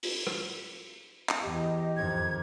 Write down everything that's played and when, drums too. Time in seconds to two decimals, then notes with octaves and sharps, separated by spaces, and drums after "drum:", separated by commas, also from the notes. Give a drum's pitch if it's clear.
0.03 drum: open hi-hat
0.27 drum: rim click
1.29 drum: clap
1.42 E2 G4 D#5
1.97 F2 D#3 G#6